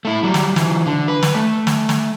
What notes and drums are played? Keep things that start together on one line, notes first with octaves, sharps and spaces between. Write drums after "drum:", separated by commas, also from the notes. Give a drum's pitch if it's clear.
A3 E4
F#3 G3
drum: snare
E3 F#3, drum: snare
D3
B4
drum: snare
A3
drum: snare
drum: snare